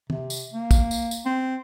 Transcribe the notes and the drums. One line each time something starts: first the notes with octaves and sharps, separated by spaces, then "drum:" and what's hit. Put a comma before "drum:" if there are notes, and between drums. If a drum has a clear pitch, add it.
C3, drum: tom
drum: tambourine
A#3
drum: kick, tambourine
drum: tambourine
drum: tambourine
C4